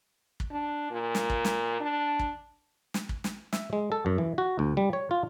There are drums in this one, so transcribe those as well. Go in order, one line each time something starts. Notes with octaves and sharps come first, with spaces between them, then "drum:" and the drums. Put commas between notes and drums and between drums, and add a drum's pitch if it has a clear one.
drum: kick
D4
A#2
drum: snare
drum: kick
drum: snare
D4
drum: kick
drum: snare
drum: kick
drum: snare
E5, drum: snare
G#3
A4
F#2
E3
F#4
D2
G3
C#5
F4